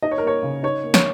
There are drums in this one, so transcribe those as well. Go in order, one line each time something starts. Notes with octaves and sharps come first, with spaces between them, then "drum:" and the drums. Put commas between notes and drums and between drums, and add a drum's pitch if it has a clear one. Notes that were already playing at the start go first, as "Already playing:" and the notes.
D#4 D#5
C#5
A#4
A#3 C#5
C#3
D#4 C#5
A#3
C#5, drum: snare